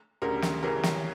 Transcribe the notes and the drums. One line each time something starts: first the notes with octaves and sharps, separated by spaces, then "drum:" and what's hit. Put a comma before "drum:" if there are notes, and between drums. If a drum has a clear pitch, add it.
D2 C#3 G3 A#4
drum: snare
C#3 E3 G3 C#4 A#4
drum: snare